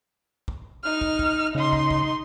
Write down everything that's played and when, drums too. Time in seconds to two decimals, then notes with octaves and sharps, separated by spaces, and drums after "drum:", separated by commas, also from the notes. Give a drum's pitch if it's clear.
0.48 drum: kick
0.84 D#4 F6
1.01 drum: kick
1.19 drum: kick
1.55 C#3 D#4 C6
1.73 drum: kick
1.90 drum: kick